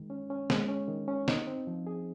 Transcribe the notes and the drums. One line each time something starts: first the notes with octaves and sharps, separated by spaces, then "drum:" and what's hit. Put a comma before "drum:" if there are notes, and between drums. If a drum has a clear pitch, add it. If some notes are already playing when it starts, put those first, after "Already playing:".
Already playing: D#3 G#3
C#4
C#4
G#3, drum: snare
C#4
D#3
C#4
D#4, drum: snare
C4
F3
G#4